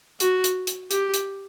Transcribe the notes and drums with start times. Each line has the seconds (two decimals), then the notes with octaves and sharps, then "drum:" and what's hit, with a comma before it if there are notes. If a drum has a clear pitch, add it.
0.20 F#4, drum: hi-hat
0.44 drum: hi-hat
0.67 drum: hi-hat
0.91 G4, drum: hi-hat
1.14 drum: hi-hat